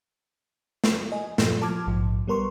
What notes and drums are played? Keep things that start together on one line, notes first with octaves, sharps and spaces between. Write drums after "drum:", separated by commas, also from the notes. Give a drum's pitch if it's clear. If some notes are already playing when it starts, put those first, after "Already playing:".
drum: snare
D#5 G#5
G2 A#2 F3 A3, drum: snare
F3 A5 D6 F6 G#6
A#1 G#2 F3
G3 B3 A#4 C6 C#6